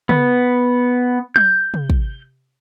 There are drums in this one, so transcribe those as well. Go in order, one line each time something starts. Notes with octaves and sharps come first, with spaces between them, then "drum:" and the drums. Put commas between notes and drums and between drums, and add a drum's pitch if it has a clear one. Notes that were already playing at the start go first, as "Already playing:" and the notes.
B3, drum: tom C#3
G6, drum: tom F#3
drum: tom C3
drum: kick